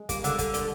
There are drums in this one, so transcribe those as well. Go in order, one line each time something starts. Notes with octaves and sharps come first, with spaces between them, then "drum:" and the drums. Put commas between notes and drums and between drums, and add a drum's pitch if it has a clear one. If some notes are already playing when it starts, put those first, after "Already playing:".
Already playing: G#3
G3 A#3, drum: kick, hi-hat
D3, drum: hi-hat
D3, drum: kick, hi-hat
A#2, drum: hi-hat